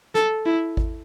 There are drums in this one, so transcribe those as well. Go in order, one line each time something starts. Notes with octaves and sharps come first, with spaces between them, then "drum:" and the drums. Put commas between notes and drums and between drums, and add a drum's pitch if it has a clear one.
A4, drum: snare
E4
drum: kick G#1